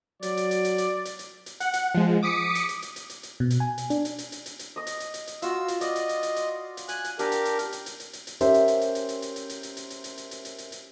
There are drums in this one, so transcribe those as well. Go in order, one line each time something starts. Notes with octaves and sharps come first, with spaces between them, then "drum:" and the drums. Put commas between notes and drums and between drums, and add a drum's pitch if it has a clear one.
F#3 D5, drum: hi-hat
drum: hi-hat
drum: hi-hat
drum: hi-hat
drum: hi-hat
drum: hi-hat
drum: hi-hat
drum: hi-hat
F#5, drum: hi-hat
drum: hi-hat
F3 G#3
D6 D#6 B6 C#7
drum: hi-hat
drum: hi-hat
drum: hi-hat
drum: hi-hat
drum: hi-hat
drum: hi-hat
B2
drum: hi-hat
G#5
drum: hi-hat
D4, drum: hi-hat
drum: hi-hat
drum: hi-hat
drum: hi-hat
drum: hi-hat
drum: hi-hat
D#5 D#6
drum: hi-hat
drum: hi-hat
drum: hi-hat
drum: hi-hat
F4 F#4 E6, drum: hi-hat
drum: hi-hat
D5 D#5, drum: hi-hat
drum: hi-hat
drum: hi-hat
drum: hi-hat
drum: hi-hat
drum: hi-hat
G#5 F#6, drum: hi-hat
drum: hi-hat
D4 G4 A#4 G5, drum: hi-hat
drum: hi-hat
drum: hi-hat
drum: hi-hat
drum: hi-hat
drum: hi-hat
drum: hi-hat
drum: hi-hat
drum: hi-hat
C#4 G4 A#4 C5 E5, drum: hi-hat
drum: hi-hat
drum: hi-hat
drum: hi-hat
drum: hi-hat
drum: hi-hat
drum: hi-hat
drum: hi-hat
drum: hi-hat
drum: hi-hat
drum: hi-hat
drum: hi-hat
drum: hi-hat
drum: hi-hat
drum: hi-hat
drum: hi-hat
drum: hi-hat
drum: hi-hat